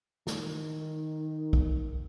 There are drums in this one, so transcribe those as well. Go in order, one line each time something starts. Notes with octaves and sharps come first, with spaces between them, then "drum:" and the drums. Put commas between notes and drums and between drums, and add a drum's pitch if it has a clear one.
D#3, drum: snare
drum: kick